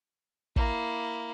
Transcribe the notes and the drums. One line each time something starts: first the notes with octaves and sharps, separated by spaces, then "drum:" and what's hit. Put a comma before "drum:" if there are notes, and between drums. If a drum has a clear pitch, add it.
A#3 E4, drum: kick